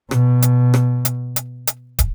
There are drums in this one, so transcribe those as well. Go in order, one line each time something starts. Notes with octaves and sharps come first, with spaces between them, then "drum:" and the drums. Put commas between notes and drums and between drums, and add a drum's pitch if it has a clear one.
B2, drum: rim click
drum: hi-hat
drum: rim click
drum: hi-hat
drum: hi-hat
drum: hi-hat
drum: kick, hi-hat